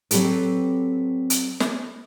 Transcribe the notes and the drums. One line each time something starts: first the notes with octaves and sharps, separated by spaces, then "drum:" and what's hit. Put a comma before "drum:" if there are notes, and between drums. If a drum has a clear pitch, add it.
F#3 C4 G4 A4 B4, drum: hi-hat
drum: hi-hat
drum: snare